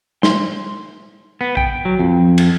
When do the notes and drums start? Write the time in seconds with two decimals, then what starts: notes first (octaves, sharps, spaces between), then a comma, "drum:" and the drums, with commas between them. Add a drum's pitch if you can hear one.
0.23 C6, drum: snare
1.41 B3
1.57 G5, drum: kick
1.85 F#3
1.99 F2
2.38 drum: cymbal